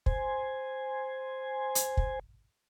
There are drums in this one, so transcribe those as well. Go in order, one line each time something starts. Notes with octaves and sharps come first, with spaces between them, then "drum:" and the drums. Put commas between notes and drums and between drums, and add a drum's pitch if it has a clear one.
C5 G#5, drum: kick
drum: hi-hat
drum: kick